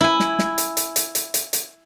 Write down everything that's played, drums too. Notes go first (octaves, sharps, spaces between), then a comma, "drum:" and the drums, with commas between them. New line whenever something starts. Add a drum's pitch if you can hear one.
E4 G#5
drum: snare
drum: snare
drum: hi-hat
drum: hi-hat
drum: hi-hat
drum: hi-hat
drum: hi-hat
drum: hi-hat